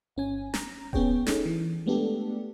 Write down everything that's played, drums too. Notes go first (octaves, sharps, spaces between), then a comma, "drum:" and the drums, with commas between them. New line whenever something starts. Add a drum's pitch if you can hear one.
G1 C#4 G#5
A#5, drum: snare
B3 C#4 G#4 C#5 G5, drum: kick D#1
C#4 D#4 G#4 A4 C#5, drum: snare
E3
G#3 A3 B3 D4 G4 A4